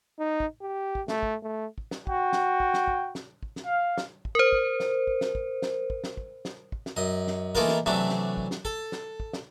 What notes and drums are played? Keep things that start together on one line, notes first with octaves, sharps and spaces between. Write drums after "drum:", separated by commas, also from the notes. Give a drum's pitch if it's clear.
D#4
drum: kick
G4
drum: kick
A3, drum: snare
drum: kick
A3
drum: kick
drum: snare
F#4 G5, drum: kick
drum: snare
drum: kick
drum: snare
drum: kick
drum: snare
drum: kick
drum: snare
F5
drum: snare
drum: kick
A#4 C5
drum: kick
drum: snare
drum: kick
drum: snare
drum: kick
drum: snare
drum: kick
drum: snare
drum: kick
drum: snare
drum: kick
drum: snare
F#2 D#5
drum: snare
E3 A3 A#3 D#4 F4 A#4, drum: kick
drum: snare
C3 E3 F#3 A3 D4
drum: snare
drum: kick
drum: snare
A4, drum: kick
drum: snare
drum: kick
drum: snare